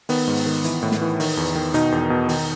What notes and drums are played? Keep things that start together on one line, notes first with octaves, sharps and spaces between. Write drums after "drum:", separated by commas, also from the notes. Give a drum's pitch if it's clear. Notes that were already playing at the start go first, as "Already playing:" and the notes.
D#3 B3, drum: open hi-hat
G#2
drum: open hi-hat
D#3
E3, drum: hi-hat
A2
drum: snare
E3
D#3, drum: open hi-hat
E2
D#3
B2 D#4, drum: hi-hat
E2
B2
D#3, drum: open hi-hat